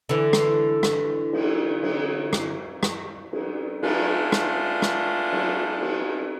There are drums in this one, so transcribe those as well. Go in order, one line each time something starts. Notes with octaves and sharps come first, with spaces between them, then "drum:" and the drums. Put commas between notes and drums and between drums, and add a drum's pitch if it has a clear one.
D3 E3
drum: rim click
drum: rim click
drum: cymbal
drum: cymbal
drum: rim click
drum: rim click
drum: cymbal
G#3 A3 B3 D4 F4, drum: cymbal
drum: rim click
drum: rim click
drum: cymbal
drum: cymbal